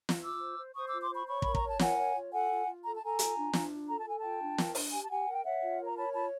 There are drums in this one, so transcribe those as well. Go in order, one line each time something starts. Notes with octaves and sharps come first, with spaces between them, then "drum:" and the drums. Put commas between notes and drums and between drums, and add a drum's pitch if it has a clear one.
drum: snare
F4 D6 E6
C5
C5
C5 C#6 D#6
F4 D6 E6
C6 D6
C5 B5 C#6
C#5 B5 C#6
A#4 B5, drum: kick
A#5, drum: kick
C#5 A5
A#4 F#5 G#5, drum: snare
C#5
F4
A4 F#5 G#5
F4
F4
A4 A#5
A5
A4 G#5 A#5
F4, drum: hi-hat
D4
D4, drum: snare
F4
A4 A#5
A5
A4 G#5
F4 G5 A5
D4
A#4, drum: snare
D4, drum: open hi-hat
G4 G#5
A5
G4 F#5 G#5
A#4
G5
C#5 E5 F#5
F4
A#4
A#5
C#5 A5 B5
F4 A5 B5